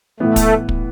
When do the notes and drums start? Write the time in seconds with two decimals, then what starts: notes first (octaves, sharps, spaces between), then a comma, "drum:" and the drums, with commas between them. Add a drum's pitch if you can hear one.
0.20 A2 E3 A3 B3
0.36 drum: kick, hi-hat
0.69 drum: kick